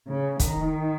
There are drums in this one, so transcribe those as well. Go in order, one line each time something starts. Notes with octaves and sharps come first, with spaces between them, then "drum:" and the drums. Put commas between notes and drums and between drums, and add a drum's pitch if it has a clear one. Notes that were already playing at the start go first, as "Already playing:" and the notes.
C#3
D#3, drum: kick, hi-hat